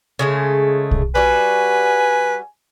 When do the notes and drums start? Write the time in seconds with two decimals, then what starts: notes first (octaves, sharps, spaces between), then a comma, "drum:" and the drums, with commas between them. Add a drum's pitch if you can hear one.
0.19 C#3 G#3 A3
0.91 drum: kick
1.15 G3 F#4 B4 G#5